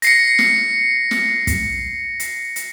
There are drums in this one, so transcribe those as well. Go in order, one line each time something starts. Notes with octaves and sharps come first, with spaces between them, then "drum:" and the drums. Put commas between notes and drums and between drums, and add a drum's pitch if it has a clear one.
A#6 C7 C#7, drum: hi-hat
drum: snare
drum: snare
drum: kick, hi-hat
drum: hi-hat
drum: hi-hat